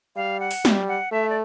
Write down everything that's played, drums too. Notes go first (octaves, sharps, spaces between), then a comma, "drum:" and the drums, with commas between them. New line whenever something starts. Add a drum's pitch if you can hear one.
G3 F5
F#5
drum: open hi-hat
G3, drum: snare
F#5
A3 E5
D5